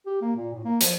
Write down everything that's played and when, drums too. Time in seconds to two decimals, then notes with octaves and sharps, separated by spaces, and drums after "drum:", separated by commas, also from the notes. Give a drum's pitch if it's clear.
0.06 G4
0.21 A#3
0.36 A#2
0.53 A2
0.65 A#3
0.81 F3, drum: hi-hat